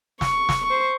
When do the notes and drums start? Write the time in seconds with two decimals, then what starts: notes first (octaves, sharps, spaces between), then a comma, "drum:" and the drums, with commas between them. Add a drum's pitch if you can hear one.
0.21 C#6, drum: snare
0.49 drum: snare
0.66 C5 C#6